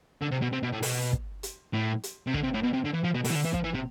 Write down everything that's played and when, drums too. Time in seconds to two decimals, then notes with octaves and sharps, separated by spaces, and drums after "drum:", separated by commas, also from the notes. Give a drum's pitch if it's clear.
0.22 D3
0.32 C3
0.42 B2
0.53 C3
0.63 B2
0.73 A2
0.83 B2, drum: open hi-hat
1.13 drum: kick
1.43 drum: hi-hat
1.73 A2
2.03 drum: hi-hat
2.27 C3
2.34 D3, drum: kick
2.43 C3
2.54 A2
2.63 B2
2.73 C3
2.85 D3
2.94 E3
3.04 F3
3.14 B2
3.24 B2, drum: open hi-hat
3.29 E3
3.35 D3
3.45 E3
3.54 F3, drum: kick
3.64 E3
3.74 C3